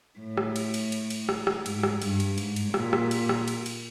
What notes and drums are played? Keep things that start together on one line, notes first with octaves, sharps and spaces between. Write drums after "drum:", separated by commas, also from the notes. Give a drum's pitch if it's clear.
A2
drum: rim click
drum: cymbal
drum: cymbal
drum: cymbal
drum: cymbal
drum: rim click
drum: rim click
G#2, drum: cymbal
drum: rim click
G2, drum: cymbal
drum: cymbal
G#2, drum: cymbal
drum: cymbal
A#2, drum: rim click
drum: rim click
drum: cymbal
drum: rim click
drum: cymbal
drum: cymbal